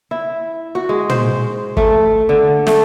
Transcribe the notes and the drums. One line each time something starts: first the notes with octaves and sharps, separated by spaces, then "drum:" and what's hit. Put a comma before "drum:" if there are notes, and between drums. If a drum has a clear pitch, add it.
E4
F#4
G#3
C5, drum: tom
A3, drum: kick
D3
A3, drum: snare